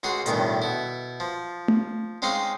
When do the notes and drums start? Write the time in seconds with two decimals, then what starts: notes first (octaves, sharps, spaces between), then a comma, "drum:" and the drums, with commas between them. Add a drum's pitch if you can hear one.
0.03 C#2 F#4 G#4 C6
0.26 A1 E2 G2 B2 D#3, drum: hi-hat
0.62 B2 E4
1.20 F3
1.68 drum: tom A3
2.22 G#3 C4 C#4 D#4 F5